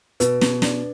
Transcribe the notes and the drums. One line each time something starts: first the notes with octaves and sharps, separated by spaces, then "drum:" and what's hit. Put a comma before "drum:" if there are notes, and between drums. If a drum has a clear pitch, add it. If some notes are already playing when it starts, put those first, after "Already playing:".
B2 B4, drum: hi-hat
B2, drum: snare
D4, drum: snare